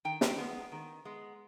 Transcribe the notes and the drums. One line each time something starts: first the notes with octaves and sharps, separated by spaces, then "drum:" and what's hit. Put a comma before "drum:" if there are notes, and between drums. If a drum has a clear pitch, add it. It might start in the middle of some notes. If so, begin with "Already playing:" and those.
D#3 G5
drum: snare
G#3 B3
D#3
G#3 B3